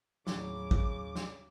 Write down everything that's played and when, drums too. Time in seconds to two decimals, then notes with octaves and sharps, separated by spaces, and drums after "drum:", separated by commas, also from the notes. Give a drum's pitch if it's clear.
0.27 D#2 A2 C#3 F#3 D6, drum: snare
0.71 drum: kick
1.16 drum: snare